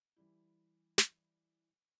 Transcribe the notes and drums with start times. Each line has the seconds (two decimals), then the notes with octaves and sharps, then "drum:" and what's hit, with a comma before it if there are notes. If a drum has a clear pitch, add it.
0.16 E3 G3 E4
0.98 drum: snare